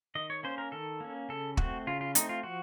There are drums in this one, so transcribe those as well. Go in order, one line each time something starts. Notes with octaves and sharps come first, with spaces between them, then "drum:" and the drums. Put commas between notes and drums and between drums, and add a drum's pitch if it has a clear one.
D#3 D#5
C#5
A#3 C#4 C5
A#4
D#3 A4
A#3 C#4
C#3 A4
A3 C4 F#4, drum: kick
C#3 F4
F4
A3 C4 D#4, drum: hi-hat
F4
F3 F#4